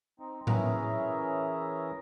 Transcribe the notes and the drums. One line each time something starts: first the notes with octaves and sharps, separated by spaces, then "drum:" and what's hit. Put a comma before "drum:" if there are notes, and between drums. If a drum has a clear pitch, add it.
C4 D#4
E3 C#4 G#4 A#4 E5 A#5, drum: tom A2